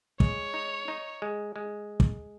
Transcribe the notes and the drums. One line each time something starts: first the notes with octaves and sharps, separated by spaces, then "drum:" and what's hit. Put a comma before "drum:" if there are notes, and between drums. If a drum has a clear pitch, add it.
G#3 C#5, drum: kick
D#4
D#4
G#3
G#3
drum: kick